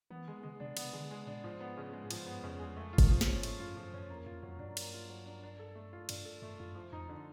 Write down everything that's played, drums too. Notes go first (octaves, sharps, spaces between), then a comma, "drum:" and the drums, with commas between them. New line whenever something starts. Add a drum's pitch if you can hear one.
E3 B3
D#3 G#3
C#3 G#3
C3 D4
C3 B3, drum: cymbal
D3 G#3
C#3 G#3
A#2 D4
G#2 F3
B3
C#3
G#3
G#2 F3, drum: cymbal
G2 B3
F2 C#3
E2 G#3
F2 A3
F4
F#2, drum: kick G1, cymbal
F3
G2, drum: snare
C#4
G#2 A3, drum: cymbal
F#2 F4
G2 F3
F#2 C#4
F2 A#3
F2 F4
F2 F#3
G2 D4
A#3, drum: cymbal
F4
F#3
D4
D4
A4
A3
F4
G2 D4, drum: cymbal
A4
G2 A3
F#2 F4
F3
F2 D#4
D3